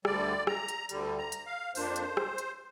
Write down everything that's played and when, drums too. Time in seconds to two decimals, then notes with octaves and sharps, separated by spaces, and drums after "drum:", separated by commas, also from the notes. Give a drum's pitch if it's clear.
0.05 D2 D3 G3 D5, drum: rim click
0.47 A#5, drum: rim click
0.68 drum: hi-hat
0.89 D2 D3 G3, drum: hi-hat
1.18 A#5
1.32 drum: hi-hat
1.47 F5
1.75 F2 F3 A#3 D4 C5, drum: open hi-hat
1.96 drum: hi-hat
2.17 drum: rim click
2.38 drum: hi-hat